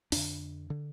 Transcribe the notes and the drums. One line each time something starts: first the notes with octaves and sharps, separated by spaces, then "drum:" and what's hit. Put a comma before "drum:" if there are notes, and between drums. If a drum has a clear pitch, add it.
F2 D3 D4, drum: open hi-hat
D3